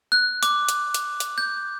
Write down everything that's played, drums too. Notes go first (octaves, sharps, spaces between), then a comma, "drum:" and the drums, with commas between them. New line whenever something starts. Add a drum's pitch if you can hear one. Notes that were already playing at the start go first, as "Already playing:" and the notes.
F#6
D6, drum: hi-hat
drum: hi-hat
drum: hi-hat
drum: hi-hat
G6